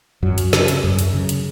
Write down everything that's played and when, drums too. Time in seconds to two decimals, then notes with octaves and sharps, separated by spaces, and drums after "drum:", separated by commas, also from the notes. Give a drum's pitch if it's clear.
0.23 F#2 F#3
0.38 drum: hi-hat
0.53 C#3, drum: snare
0.68 drum: hi-hat
0.84 F#2
0.99 drum: hi-hat
1.14 C#3
1.29 drum: hi-hat